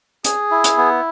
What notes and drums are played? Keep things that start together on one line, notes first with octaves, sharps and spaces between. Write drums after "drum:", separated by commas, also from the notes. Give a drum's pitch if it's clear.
G#4, drum: hi-hat
E4
drum: hi-hat
B3